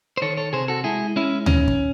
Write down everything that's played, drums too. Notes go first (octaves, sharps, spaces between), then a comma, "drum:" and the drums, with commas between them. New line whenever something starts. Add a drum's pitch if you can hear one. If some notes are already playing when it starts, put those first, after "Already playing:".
C5
D#3 A4 C#5
A4 C#5
C3 G#4 C5
F#4 A4
G#3 E4 G#4
G#3 C#4 E4
D#3 C#4, drum: tom D2
drum: kick